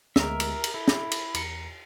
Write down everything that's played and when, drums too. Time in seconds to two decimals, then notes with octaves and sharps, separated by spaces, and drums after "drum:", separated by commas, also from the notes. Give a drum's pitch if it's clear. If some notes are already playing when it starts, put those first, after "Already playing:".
0.16 D2 G#3 B3 A#4 E5, drum: snare
0.40 drum: cymbal
0.64 drum: cymbal
0.74 E4 A4
0.88 drum: snare
1.12 drum: cymbal
1.35 E2 A#5 C#7, drum: cymbal